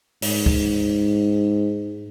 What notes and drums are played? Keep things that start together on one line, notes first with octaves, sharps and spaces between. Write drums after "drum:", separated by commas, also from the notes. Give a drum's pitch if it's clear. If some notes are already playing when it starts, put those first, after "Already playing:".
G#2, drum: open hi-hat
drum: kick